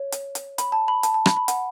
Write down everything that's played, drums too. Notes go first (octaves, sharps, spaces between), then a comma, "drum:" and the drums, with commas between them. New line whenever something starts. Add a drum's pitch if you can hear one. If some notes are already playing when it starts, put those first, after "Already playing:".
Already playing: C#5
drum: hi-hat
drum: hi-hat
B5, drum: hi-hat
A5
B5
A5, drum: hi-hat
A5
B5, drum: rim click
B5
F#5, drum: hi-hat